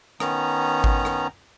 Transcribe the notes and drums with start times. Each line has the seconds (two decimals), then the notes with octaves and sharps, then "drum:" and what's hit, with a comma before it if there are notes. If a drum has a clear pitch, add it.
0.20 D#3 B3 C#4 A#5, drum: rim click
0.84 drum: kick G#1
1.05 drum: rim click